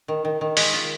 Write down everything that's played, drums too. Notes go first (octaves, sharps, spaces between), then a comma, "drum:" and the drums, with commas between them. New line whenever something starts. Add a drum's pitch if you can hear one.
D#3
D#3
D#3
G#3, drum: open hi-hat
F4